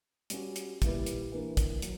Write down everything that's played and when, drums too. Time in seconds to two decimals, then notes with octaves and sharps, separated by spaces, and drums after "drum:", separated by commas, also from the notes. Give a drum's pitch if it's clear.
0.30 G3 C#4 F#4, drum: hi-hat
0.56 drum: hi-hat
0.82 A#2 G3 B3 E4 B4, drum: kick, hi-hat
1.06 drum: hi-hat
1.32 E3 A#3 D4 A#4
1.57 drum: kick, hi-hat
1.82 F#3, drum: hi-hat